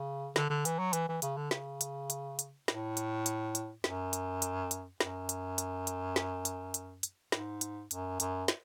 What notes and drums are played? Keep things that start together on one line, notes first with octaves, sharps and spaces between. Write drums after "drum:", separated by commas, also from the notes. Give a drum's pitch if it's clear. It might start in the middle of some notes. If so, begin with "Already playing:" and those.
Already playing: C#3
D3, drum: snare
D3
E3, drum: hi-hat
F#3
E3, drum: hi-hat
E3
C#3, drum: hi-hat
D3
C#3, drum: snare
drum: hi-hat
drum: hi-hat
drum: hi-hat
A2, drum: snare
drum: hi-hat
drum: hi-hat
drum: hi-hat
F#2, drum: snare
drum: hi-hat
drum: hi-hat
drum: hi-hat
F#2, drum: snare
drum: hi-hat
drum: hi-hat
drum: hi-hat
drum: snare
drum: hi-hat
drum: hi-hat
drum: hi-hat
G#2, drum: snare
drum: hi-hat
F#2, drum: hi-hat
F#2, drum: hi-hat
drum: snare